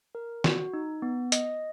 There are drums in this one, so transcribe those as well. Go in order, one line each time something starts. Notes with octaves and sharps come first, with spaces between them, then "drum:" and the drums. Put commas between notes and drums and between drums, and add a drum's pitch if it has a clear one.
A#4
F#4, drum: snare
D#4
B3
D#5, drum: hi-hat